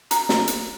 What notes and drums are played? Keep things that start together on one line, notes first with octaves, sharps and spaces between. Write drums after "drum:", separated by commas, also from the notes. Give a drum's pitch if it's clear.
A#5, drum: hi-hat
drum: snare
drum: hi-hat